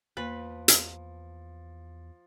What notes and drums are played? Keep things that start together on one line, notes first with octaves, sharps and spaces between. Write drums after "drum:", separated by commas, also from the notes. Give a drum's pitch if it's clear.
E2 F3 A#3 B4
drum: hi-hat